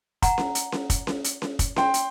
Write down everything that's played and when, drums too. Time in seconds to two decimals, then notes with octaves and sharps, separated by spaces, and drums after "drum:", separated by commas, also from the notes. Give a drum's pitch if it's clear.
0.22 F#5 A#5, drum: kick, hi-hat
0.38 drum: snare C#4
0.55 drum: hi-hat
0.72 drum: snare C#4
0.90 drum: kick, hi-hat
1.07 drum: snare C#4
1.24 drum: hi-hat
1.42 drum: snare C#4
1.59 drum: kick, hi-hat
1.76 G5 C6, drum: snare C#4
1.94 drum: hi-hat